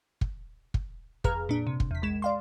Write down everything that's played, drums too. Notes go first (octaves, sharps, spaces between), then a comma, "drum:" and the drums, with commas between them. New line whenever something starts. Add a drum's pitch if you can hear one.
drum: kick
drum: kick
F2 G#4 B4 A#5 F6, drum: kick
A#2 D4
C3
drum: kick
E2 B6
A#1 G#3 E7
D5 F5 C6